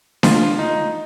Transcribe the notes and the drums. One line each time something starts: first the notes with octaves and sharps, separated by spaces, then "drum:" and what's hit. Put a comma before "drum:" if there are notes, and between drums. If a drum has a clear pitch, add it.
F4, drum: snare D4
D#4